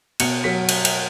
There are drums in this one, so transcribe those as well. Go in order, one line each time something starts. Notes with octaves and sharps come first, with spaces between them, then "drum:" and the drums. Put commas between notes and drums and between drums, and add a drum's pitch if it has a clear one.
B2 C#7, drum: cymbal
F#3 B6
drum: cymbal
drum: cymbal